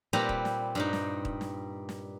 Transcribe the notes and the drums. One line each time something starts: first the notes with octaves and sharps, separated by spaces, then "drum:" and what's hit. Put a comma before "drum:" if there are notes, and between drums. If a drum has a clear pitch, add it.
A#2 G3 C4 G4 B4 A#5
drum: kick D#1
drum: snare
G2 G3 D#4
drum: snare
drum: kick D#1
drum: snare
drum: snare